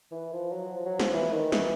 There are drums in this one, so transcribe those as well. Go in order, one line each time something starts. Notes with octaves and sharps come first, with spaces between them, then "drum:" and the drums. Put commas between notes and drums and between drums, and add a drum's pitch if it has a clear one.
E3
F3
F#3
F3
F#3
F3, drum: snare
E3
D#3
E3, drum: snare